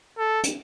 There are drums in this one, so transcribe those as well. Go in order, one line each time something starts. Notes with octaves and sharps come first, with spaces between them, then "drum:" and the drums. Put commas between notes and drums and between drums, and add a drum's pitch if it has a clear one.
A4
drum: hi-hat